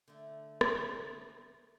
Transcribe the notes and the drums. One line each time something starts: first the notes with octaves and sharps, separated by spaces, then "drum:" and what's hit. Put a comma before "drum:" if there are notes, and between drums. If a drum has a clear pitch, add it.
D3 A3
drum: rim click